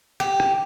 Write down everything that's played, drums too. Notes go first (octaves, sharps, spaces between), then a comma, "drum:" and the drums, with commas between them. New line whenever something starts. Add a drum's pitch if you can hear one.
G4, drum: rim click
drum: rim click